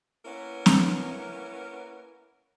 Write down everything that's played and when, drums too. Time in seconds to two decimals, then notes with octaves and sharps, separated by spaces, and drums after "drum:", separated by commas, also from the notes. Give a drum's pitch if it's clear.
0.25 A#3 B3 C#4 E4 A#4
0.66 drum: snare C4